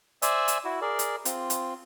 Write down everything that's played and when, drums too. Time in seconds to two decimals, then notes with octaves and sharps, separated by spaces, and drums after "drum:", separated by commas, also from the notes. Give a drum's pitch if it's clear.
0.22 C5 D5 E5 G#5 E6, drum: hi-hat
0.48 drum: hi-hat
0.64 E4 F#4
0.81 G#4 A#4 D5
0.99 drum: hi-hat
1.25 C4 F4, drum: hi-hat
1.50 drum: hi-hat